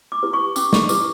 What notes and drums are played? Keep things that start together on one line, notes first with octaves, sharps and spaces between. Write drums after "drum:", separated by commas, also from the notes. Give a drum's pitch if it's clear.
D6
E4 G4 B4
C#6
C#4 D6, drum: tambourine
C#6, drum: snare
E4 G4 B4 D6, drum: tambourine